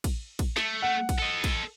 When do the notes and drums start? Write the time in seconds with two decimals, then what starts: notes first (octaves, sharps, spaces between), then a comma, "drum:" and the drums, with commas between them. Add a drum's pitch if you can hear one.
0.04 drum: kick, cymbal
0.39 drum: kick, cymbal
0.57 A3, drum: snare
0.82 F#5
1.09 drum: kick, cymbal
1.19 A4 D#5
1.44 drum: kick, cymbal